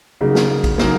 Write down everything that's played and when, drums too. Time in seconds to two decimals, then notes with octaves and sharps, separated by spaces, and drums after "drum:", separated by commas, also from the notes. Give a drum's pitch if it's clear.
0.21 C#3 F#3 A#3 D#4 G#4
0.35 drum: snare
0.64 drum: kick, cymbal
0.78 C#3 F#3 A#3 D#4 G#4, drum: snare